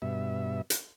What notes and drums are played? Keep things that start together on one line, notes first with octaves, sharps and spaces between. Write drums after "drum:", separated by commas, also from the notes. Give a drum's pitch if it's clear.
G2 B2 E5
drum: hi-hat